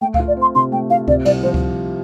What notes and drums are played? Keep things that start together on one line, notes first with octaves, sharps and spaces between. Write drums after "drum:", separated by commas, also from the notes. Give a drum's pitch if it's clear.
A3 G5
F5, drum: kick C#2
F4
D5
C4 C6
C3 C6
A3 G5
F4 F5
C3 D5, drum: kick C#2
C2 D5, drum: cymbal
F3 C5
drum: kick C#2